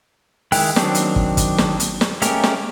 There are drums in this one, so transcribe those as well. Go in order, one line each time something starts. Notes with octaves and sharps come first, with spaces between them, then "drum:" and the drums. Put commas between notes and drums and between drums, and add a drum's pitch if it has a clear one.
D#3 G#3 E4 G5 F#6, drum: open hi-hat
D#3 F#3 C4 D4, drum: snare
drum: hi-hat
drum: kick
drum: kick, hi-hat
drum: snare
drum: hi-hat
drum: snare
G#3 A3 C#4 G4 A#4, drum: hi-hat
drum: snare